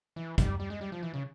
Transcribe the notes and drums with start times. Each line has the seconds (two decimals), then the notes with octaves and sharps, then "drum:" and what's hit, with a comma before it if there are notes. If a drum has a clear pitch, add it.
0.16 E3
0.38 G3, drum: kick, hi-hat
0.60 G3
0.70 G#3
0.81 G3
0.92 F3
1.03 E3
1.14 C#3